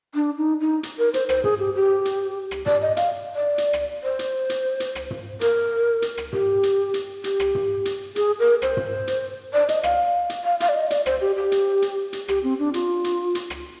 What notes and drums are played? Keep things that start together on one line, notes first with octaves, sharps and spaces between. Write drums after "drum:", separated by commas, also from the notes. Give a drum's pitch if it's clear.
D4
D#4
D#4
drum: hi-hat
A#4
C5, drum: hi-hat
C5, drum: rim click
G#4, drum: tom
G4
G4
drum: hi-hat
drum: rim click
D5, drum: tom
D#5
F5, drum: hi-hat
D5
drum: hi-hat
drum: rim click
C5
drum: hi-hat
drum: hi-hat
drum: hi-hat
drum: rim click
drum: tom
A#4, drum: hi-hat
drum: hi-hat
drum: rim click
G4, drum: tom
drum: hi-hat
drum: hi-hat
G4, drum: hi-hat
drum: rim click
drum: tom
drum: hi-hat
G#4, drum: hi-hat
A#4
C5, drum: rim click
drum: tom
drum: hi-hat
D5
D#5, drum: hi-hat
F5, drum: rim click
drum: hi-hat
F5
F5, drum: hi-hat
D5
D#5
D5, drum: hi-hat
C5, drum: rim click
G4
G4
drum: hi-hat
drum: hi-hat
drum: hi-hat
G4, drum: rim click
C4
D4
F4, drum: hi-hat
drum: hi-hat
drum: hi-hat
drum: rim click